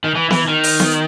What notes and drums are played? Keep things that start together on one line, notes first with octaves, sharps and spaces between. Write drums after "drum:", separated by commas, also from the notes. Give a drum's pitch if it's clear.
D#3
E3
E3, drum: snare B3
D#3
drum: open hi-hat
drum: snare B3